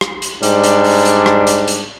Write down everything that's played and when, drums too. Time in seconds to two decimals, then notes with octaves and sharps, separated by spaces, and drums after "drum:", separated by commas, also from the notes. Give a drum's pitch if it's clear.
0.01 drum: rim click
0.22 drum: hi-hat
0.43 G#2 G3 D4, drum: hi-hat
0.64 drum: hi-hat
0.84 drum: open hi-hat
1.05 drum: hi-hat
1.26 drum: rim click
1.47 drum: hi-hat
1.68 drum: hi-hat